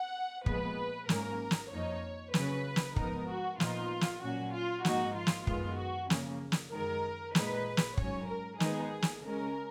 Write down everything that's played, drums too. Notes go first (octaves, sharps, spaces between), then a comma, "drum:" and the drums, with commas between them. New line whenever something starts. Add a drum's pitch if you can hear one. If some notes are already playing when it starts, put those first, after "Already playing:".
Already playing: F#5
A#2 F3 G#3 B3 B4, drum: kick
G#2 F#3 A#3 C#4 A#4, drum: snare
drum: snare
F2 F3 A#3 D#4 C#5
C#3 F#3 C#4 B4, drum: snare
drum: snare
G#2 F3 B3 D#4 A#4, drum: kick
F#4
A#2 F3 B3 D#4 F4, drum: snare
drum: snare
A#2 F#3 C#4 F#4
F4
G#2 F3 A#3 D#4 F#4, drum: snare
F4
drum: snare
F#2 D#3 G#3 B3 F4, drum: kick
F#4
C#3 F3 A#3 C#4, drum: snare
drum: snare
F#2 D#3 G#3 A#4
A#2 G#3 D#4 B4, drum: snare
drum: snare
G#2 F#3 C#4 C#5, drum: kick
A#4
D#3 G#3 B3 D#4 G#4, drum: snare
drum: snare
C#3 G#3 C#4 A#4